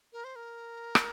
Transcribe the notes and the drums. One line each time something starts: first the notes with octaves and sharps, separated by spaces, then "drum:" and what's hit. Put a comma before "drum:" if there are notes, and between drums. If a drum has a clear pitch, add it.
A#4
C5
A#4
drum: rim click